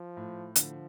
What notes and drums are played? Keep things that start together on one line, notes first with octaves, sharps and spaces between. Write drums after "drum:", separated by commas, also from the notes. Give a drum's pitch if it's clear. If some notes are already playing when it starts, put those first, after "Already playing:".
Already playing: F3
A2
D3 F3, drum: hi-hat